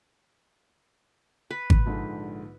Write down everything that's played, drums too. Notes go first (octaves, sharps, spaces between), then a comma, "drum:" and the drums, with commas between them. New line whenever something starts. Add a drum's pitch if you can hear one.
B4
drum: kick G#1
A#1 G#2 D3